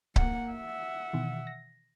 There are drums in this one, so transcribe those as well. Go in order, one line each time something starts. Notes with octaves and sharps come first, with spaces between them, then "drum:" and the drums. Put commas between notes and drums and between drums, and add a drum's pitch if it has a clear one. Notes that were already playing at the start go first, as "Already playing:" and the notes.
A#3 F#5, drum: kick C#1
E5 F#5
B2 D#3 E3
A#6